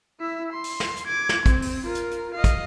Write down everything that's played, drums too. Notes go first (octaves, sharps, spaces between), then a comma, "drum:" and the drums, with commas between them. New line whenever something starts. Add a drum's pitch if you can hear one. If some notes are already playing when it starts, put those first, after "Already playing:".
E4 E5
C6
drum: open hi-hat
drum: snare
drum: hi-hat
D6 G#6
drum: snare
C4, drum: kick, hi-hat
drum: open hi-hat
F4 A#4
drum: hi-hat
drum: hi-hat
D#5 F5
drum: kick, hi-hat